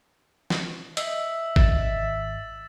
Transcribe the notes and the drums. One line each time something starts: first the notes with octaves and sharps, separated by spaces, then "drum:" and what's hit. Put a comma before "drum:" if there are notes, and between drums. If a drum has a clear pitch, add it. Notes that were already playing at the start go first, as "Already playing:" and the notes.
drum: snare
D#5 E5 E6 B6 F#7, drum: hi-hat
G#1 E6 A6 E7, drum: kick